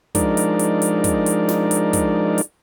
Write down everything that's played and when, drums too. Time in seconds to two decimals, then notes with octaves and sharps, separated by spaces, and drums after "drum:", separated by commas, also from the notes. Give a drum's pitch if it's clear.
0.15 F3 G#3 D4 D#4 A#4 D5, drum: kick, hi-hat
0.37 drum: hi-hat
0.59 drum: hi-hat
0.82 drum: hi-hat
1.04 drum: kick, hi-hat
1.26 drum: hi-hat
1.49 drum: snare
1.71 drum: hi-hat
1.93 drum: kick, hi-hat
2.38 drum: hi-hat